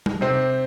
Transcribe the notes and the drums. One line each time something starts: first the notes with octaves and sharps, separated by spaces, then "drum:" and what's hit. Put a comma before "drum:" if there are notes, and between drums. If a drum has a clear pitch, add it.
drum: tom G3
C3 C4